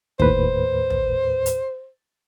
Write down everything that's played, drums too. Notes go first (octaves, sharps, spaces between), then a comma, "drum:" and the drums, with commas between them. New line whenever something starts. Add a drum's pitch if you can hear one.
D#2 A2 B4 C5, drum: kick
drum: tom
drum: hi-hat